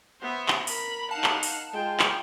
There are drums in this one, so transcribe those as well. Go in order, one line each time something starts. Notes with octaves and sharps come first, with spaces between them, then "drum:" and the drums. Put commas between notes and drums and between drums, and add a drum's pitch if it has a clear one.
B3 C5 E5
drum: clap
A#4 B5, drum: open hi-hat
D#4 F5 F#5 A5
drum: clap
drum: open hi-hat
G#3 F4 G5
drum: clap